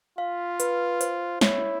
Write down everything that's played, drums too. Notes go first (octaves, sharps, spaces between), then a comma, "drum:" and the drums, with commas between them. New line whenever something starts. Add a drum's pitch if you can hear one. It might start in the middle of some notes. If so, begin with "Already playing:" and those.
F4 F5
B4, drum: hi-hat
C5, drum: hi-hat
E4 C#5, drum: snare